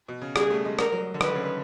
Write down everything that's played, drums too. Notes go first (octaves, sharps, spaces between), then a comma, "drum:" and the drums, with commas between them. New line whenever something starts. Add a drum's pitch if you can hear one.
B2
C#3
G3 G#4, drum: rim click
A3
G#3
G3 A#4, drum: rim click
F#3
D3
D#3 B4, drum: rim click
C#3